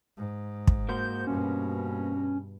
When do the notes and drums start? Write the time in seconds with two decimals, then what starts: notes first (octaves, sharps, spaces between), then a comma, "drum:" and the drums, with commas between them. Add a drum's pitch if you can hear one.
0.17 G#2
0.67 drum: kick
0.89 A#3 F#4 C5 G6
1.27 G2 B2 C#4